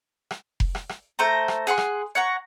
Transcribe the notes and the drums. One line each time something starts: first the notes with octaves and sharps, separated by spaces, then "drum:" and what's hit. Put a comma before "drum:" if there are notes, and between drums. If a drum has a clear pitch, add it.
drum: rim click
drum: kick F1
drum: rim click
drum: rim click
A3 C5 A#5
drum: rim click
G#4 F#5 G#5 C6
drum: rim click
C#5 F#5 A#5